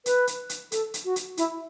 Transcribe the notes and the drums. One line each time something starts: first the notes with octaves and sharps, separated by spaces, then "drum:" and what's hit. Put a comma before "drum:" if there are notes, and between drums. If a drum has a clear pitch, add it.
B4, drum: hi-hat
drum: hi-hat
drum: hi-hat
A4, drum: hi-hat
drum: hi-hat
F#4
drum: hi-hat
E4, drum: hi-hat